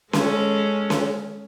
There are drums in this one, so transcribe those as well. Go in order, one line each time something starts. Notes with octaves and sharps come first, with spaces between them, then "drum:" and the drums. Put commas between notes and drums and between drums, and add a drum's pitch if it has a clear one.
G#3 C#4 A4, drum: snare C#4
drum: snare C#4